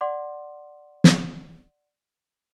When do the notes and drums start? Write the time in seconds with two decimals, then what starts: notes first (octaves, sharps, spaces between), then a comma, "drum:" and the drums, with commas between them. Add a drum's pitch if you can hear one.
0.01 D5 F#5 C6 D6
1.04 drum: snare